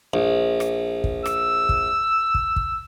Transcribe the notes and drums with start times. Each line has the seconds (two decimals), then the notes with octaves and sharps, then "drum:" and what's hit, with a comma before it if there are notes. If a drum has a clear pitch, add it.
0.14 A#1
0.60 drum: rim click
1.04 drum: kick
1.26 E6, drum: rim click
1.69 drum: kick
2.34 drum: kick
2.56 drum: kick